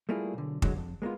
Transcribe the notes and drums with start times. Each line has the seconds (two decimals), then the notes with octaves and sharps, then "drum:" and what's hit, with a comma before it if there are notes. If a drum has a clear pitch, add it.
0.09 G3 A3 A#3 E4 F4 G#4
0.34 B1 D3
0.62 D3 F#3 G#3, drum: kick
0.76 F2
1.02 G#3 A#3 B3 F4